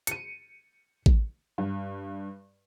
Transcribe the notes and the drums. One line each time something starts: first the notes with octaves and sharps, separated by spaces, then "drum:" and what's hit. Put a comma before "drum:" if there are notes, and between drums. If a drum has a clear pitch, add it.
C#7 D#7, drum: hi-hat
drum: kick A1
G2